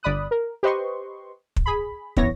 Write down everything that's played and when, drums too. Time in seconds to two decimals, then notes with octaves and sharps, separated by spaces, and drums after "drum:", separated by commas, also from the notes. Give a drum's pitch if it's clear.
0.03 G1 D5 B5 D#6 F#6
0.31 A#4
0.63 G4 B4 C5 D#5 C6 C#6
1.56 drum: kick
1.66 G#4 B5
2.17 F#2 E3 B3 C#5 A#6, drum: kick